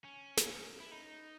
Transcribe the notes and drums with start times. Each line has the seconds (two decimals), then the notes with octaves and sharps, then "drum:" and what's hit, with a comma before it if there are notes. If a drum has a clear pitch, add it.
0.04 C#4
0.37 drum: snare
0.80 E4
0.91 D#4